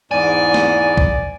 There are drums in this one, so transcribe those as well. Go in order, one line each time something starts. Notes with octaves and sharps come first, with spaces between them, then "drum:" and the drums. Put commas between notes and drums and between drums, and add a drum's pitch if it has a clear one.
E2 G#2 D5 G#5
drum: snare
drum: kick B1